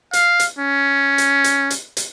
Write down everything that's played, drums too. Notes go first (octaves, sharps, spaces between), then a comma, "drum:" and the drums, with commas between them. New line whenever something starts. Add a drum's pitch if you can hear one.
F5, drum: hi-hat
drum: hi-hat
C#4
drum: hi-hat
drum: hi-hat
drum: hi-hat
drum: hi-hat